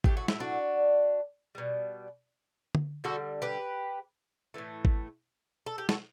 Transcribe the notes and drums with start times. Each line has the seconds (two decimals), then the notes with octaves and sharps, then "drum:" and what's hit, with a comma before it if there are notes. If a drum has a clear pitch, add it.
0.04 A2 F#3 A3 G4, drum: kick G#1
0.17 F#4
0.28 E4, drum: snare
0.40 D4 F#4
1.55 B2 G3
2.75 drum: tom
3.04 D3 G3 F#4 A4
3.42 G4 B4
4.54 A2 E3 A3
4.85 drum: kick G#1
5.66 A4
5.78 G4
5.89 F#4 A4, drum: snare